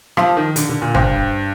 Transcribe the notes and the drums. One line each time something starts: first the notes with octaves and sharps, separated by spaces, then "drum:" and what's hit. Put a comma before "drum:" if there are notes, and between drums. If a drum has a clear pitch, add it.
F3 D#4 A#4 F5 A5 C6, drum: rim click
D#3
D3, drum: hi-hat
D3
A#2
G2 C5 G5 C6, drum: tom